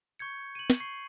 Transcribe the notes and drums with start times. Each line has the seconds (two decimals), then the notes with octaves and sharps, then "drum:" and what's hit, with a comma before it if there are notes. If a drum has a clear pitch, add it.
0.19 C#6 G6 G#6 C#7
0.55 D#7 F#7
0.70 drum: snare
0.80 C#6 C7